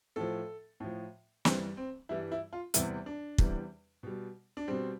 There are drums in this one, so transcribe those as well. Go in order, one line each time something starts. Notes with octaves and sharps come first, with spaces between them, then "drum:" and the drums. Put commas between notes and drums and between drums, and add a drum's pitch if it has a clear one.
A2 F3 A4
A2 F3
G2 E3 G3 C4, drum: snare
C4
G2 E3 G3 E4
E4
F4
E2 C3 E3 G3 E4, drum: hi-hat
D4
E2 C3 E3 G3, drum: kick
B2 G3
D4
B2 G3 C4